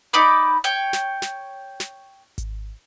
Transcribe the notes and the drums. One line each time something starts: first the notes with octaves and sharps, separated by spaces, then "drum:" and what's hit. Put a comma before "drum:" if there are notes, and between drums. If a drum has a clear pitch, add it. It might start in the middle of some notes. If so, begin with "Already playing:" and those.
D#4 D5 B5 D6
C#5 G5, drum: hi-hat
drum: snare
drum: snare
drum: snare
drum: kick G#1, hi-hat